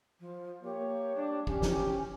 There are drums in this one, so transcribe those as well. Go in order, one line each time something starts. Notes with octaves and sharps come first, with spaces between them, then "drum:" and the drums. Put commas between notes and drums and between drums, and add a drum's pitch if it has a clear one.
F3
A#3 G4 C#5
G3 D4
C#4 G4, drum: kick
drum: snare